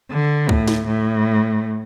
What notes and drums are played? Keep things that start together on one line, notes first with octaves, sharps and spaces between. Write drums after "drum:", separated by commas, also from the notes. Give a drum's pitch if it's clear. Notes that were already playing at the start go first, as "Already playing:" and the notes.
D3
A2, drum: kick C#2
drum: snare
A2